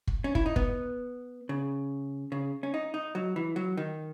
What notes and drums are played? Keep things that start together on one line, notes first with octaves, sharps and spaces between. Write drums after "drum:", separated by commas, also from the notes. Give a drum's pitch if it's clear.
drum: kick
C#4
E4, drum: kick
D#4
B3, drum: kick
C#3
C#3
C#4
D#4
D#4
F#3
E3
F#3
D#3